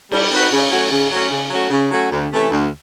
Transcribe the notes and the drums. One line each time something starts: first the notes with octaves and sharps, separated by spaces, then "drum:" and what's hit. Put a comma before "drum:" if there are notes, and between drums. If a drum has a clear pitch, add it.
G3, drum: cymbal
C4 D#4 F#4 B4
C#3
F#3 A3 C#4 F#4
C#3
F#3 A3 C#4 F#4
C#3
F#3 A3 C#4 F#4
C#3
F#3 A3 C#4 F#4
D2
C3 E3 A3 C#4
D2